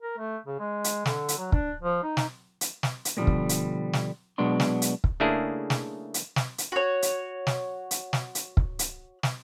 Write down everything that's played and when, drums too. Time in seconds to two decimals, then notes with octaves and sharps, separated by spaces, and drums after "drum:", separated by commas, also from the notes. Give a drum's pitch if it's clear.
0.01 A#4
0.18 A3
0.46 C#3
0.60 G#3
0.84 drum: hi-hat
1.06 D3, drum: snare
1.28 drum: hi-hat
1.38 F#3
1.52 D4, drum: kick
1.82 F3
2.02 D#4
2.17 drum: snare
2.61 drum: hi-hat
2.83 drum: snare
3.05 drum: hi-hat
3.17 B2 D3 D#3 F3 G3 A#3
3.27 drum: kick
3.49 drum: hi-hat
3.93 drum: snare
4.38 B2 F#3 G#3 B3 D4 C6
4.60 drum: snare
4.82 drum: hi-hat
5.04 drum: kick
5.20 C#3 A3 A#3 D4 E4 G#4
5.70 drum: snare
6.14 drum: hi-hat
6.36 drum: snare
6.58 drum: hi-hat
6.72 F#4 C#5
7.02 drum: hi-hat
7.47 drum: snare
7.91 drum: hi-hat
8.13 drum: snare
8.35 drum: hi-hat
8.57 drum: kick
8.79 drum: hi-hat
9.23 drum: snare